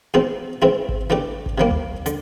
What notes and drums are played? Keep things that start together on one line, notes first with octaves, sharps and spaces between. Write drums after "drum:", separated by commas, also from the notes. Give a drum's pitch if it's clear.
E2 B2 G#3 C4 D#4
G#2 E3 G#3 C4
drum: kick G#1
E3 A3 D4 G4
drum: kick G#1
C3 D#3 G3 A#3
drum: tom D2
D3, drum: hi-hat